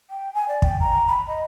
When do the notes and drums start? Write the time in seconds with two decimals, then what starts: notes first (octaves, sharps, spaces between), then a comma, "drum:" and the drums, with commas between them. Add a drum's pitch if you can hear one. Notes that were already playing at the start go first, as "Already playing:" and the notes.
0.10 G5
0.34 G#5
0.48 D5
0.62 G5, drum: kick
0.80 A#5
1.07 B5
1.27 D#5